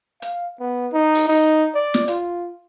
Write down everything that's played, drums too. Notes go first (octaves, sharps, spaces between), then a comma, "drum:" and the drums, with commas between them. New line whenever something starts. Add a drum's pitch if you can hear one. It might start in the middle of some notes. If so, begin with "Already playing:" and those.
F5, drum: hi-hat
B3
D#4
drum: open hi-hat
D#4
D5
drum: snare
F4, drum: hi-hat